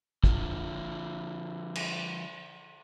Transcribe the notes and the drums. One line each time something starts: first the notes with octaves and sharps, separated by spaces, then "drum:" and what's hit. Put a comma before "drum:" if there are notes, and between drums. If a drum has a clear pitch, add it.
D3 F3, drum: kick
drum: cymbal